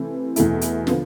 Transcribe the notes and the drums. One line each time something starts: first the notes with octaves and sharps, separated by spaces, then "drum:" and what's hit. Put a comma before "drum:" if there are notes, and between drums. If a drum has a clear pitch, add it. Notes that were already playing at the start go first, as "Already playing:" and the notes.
Already playing: C3 E3 A3 C4
E2 B2 A3 E4, drum: hi-hat
drum: hi-hat
D3 F3 B3, drum: snare